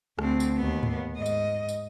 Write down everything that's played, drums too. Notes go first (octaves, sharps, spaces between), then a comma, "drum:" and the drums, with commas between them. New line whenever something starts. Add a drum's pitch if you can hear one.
D2 C4, drum: rim click
drum: tambourine
D#2 B3
drum: tom G#2
G#2 D#5
drum: tambourine
drum: tambourine